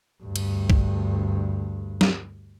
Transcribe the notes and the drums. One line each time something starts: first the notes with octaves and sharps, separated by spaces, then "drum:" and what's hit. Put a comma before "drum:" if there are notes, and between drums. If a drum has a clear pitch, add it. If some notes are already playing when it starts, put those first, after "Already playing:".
D2 G2
drum: cymbal
drum: kick
drum: snare